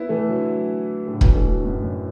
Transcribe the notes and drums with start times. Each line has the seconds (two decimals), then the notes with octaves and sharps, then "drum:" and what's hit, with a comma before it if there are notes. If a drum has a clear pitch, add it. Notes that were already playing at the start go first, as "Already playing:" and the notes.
Already playing: B3 E4
0.09 E3 A3
0.28 D3 F#3
1.07 A2 D3
1.21 B2 E3, drum: kick
1.35 E3 A3
1.49 D3 F#3
1.64 F#2
1.83 E2